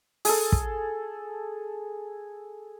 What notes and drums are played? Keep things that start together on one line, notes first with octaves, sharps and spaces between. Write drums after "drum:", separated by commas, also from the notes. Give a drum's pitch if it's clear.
G#4 A4, drum: open hi-hat
drum: kick